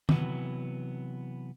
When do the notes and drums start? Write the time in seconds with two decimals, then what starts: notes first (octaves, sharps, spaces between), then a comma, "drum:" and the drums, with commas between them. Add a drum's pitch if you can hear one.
0.09 C3 E3 F#3 B3, drum: tom